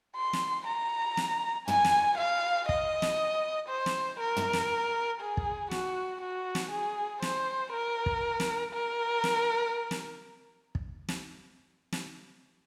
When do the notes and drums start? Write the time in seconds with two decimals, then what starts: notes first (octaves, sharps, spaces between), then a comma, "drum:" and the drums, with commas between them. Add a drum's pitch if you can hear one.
0.16 C6
0.33 drum: snare
0.67 A#5
1.17 drum: snare
1.68 G#5, drum: tom
1.85 drum: snare
2.18 F5
2.69 D#5, drum: kick
3.02 drum: snare
3.69 C5
3.86 drum: snare
4.20 A#4
4.36 drum: tom
4.53 drum: snare
5.21 G#4
5.37 drum: kick
5.71 F#4, drum: snare
6.21 F#4
6.55 drum: snare
6.72 G#4
7.22 C5, drum: snare
7.73 A#4
8.06 drum: kick
8.40 drum: snare
8.74 A#4
9.24 drum: snare
9.91 drum: snare
10.75 drum: kick
11.08 drum: snare
11.92 drum: snare